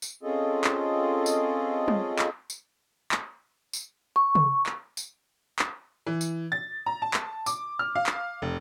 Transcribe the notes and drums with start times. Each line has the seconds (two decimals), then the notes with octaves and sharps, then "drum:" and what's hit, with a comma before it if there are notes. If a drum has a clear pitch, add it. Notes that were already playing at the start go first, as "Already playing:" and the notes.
0.02 drum: tambourine
0.23 C4 C#4 F4 G#4 A4 D#5
0.64 drum: clap
1.26 drum: tambourine
1.88 drum: tom
2.19 drum: clap
2.50 drum: tambourine
3.12 drum: clap
3.73 drum: tambourine
4.16 C#6
4.35 drum: tom
4.66 drum: clap
4.97 drum: tambourine
5.59 drum: clap
6.07 E3
6.21 drum: tambourine
6.52 A6
6.86 A#5
7.02 A5
7.14 drum: clap
7.46 D6, drum: tambourine
7.79 F6
7.95 F5
8.06 drum: clap
8.42 F1